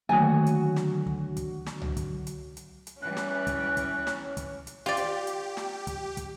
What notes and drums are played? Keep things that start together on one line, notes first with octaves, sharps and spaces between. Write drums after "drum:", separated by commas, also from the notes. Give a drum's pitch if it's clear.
D3 D#3 F#3 A3 A#3 F#4 G#5
drum: hi-hat
drum: snare
drum: kick
drum: kick, hi-hat
drum: snare
drum: tom C2
drum: kick, hi-hat
drum: hi-hat
drum: hi-hat
drum: hi-hat
E3 G3 C#4 F#6
drum: snare
drum: kick, hi-hat
drum: kick, hi-hat
drum: snare
drum: kick, hi-hat
drum: hi-hat
F4 G4 D5
drum: hi-hat
drum: hi-hat
drum: snare
drum: kick, hi-hat
drum: kick, hi-hat